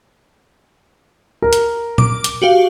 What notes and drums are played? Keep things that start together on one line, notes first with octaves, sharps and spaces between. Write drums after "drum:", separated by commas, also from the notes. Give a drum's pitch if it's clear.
A#4
drum: hi-hat
D6, drum: tom A#2
drum: hi-hat
F#4 G4 F5